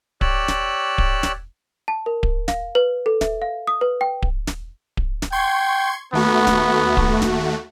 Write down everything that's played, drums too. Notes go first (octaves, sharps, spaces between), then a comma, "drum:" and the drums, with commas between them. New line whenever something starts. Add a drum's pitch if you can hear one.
G4 C#5 D5 E6 F#6, drum: kick D1
drum: snare
drum: kick D1
drum: snare
A5
A#4
drum: kick D1
F5, drum: snare
B4
A4
E5, drum: snare
F5
D#6
B4
G5
drum: kick D1
drum: snare
drum: kick D1
drum: snare
G5 C6 C#6 G#6
D#2 A3 B3 F#4
drum: snare
drum: kick D1
drum: snare